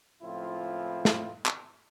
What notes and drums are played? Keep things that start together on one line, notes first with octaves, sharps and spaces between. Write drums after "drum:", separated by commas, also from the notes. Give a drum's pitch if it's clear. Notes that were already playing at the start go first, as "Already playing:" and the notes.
C#2 A2 F3 C4 E4 F4
drum: snare
drum: clap